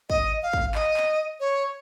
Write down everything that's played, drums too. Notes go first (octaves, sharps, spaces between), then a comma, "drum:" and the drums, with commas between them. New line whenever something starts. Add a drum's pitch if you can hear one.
D#5, drum: kick
F5
drum: kick
D#5, drum: clap
drum: clap
C#5